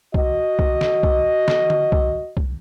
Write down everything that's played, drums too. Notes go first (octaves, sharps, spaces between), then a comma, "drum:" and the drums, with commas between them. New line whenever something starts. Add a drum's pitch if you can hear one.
F#4 D#5, drum: kick
drum: kick
drum: snare
drum: kick
drum: snare
drum: tom D3
drum: kick
drum: kick